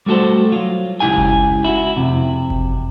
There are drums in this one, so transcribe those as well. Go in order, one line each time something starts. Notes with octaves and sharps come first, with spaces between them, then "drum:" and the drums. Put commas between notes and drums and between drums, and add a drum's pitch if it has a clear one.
G3 A3 F#4 A4 C5
F#3 F4
C#2 G#2 E4 G4 G#5
drum: kick F#1
E4 F#4
F2 C3
drum: kick F#1